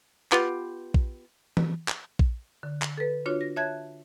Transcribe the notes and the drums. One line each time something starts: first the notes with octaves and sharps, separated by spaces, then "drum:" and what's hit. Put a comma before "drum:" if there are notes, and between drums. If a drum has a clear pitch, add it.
B3 F4 G4, drum: clap
drum: kick A#1
drum: tom E3
drum: clap
drum: kick A#1
D3
drum: clap
A4 B4
D4 F4 F#4 C#5
A#6
C#5 E5 A5 F#6 G#6